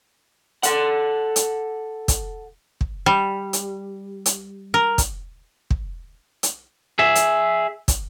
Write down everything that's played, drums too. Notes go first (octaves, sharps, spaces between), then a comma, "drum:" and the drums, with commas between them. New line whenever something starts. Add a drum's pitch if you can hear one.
A4 F#5, drum: hi-hat
drum: hi-hat
drum: kick, hi-hat
drum: kick
G3
drum: hi-hat
drum: hi-hat
A#4
drum: kick, hi-hat
drum: kick
drum: hi-hat
G#4 E5
drum: hi-hat
drum: kick, hi-hat